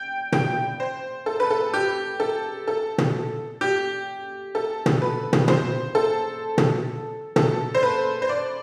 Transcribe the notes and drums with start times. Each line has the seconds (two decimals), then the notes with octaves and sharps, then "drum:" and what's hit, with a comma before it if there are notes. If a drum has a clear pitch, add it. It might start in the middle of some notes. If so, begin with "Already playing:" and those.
Already playing: G5
0.32 G5, drum: tom
0.80 C5
1.26 A4
1.40 B4
1.50 A4
1.74 G4
2.20 A4
2.68 A4
2.98 drum: tom
3.61 G4
4.55 A4
4.86 drum: tom
5.02 B4
5.33 drum: tom
5.48 C5, drum: tom
5.95 A4
6.58 drum: tom
7.36 A4, drum: tom
7.74 C5
7.83 B4
8.22 C5
8.29 D5